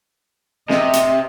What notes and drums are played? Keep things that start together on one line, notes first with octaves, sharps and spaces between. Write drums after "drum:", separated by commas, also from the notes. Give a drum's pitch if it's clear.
C3 D#5, drum: snare
drum: hi-hat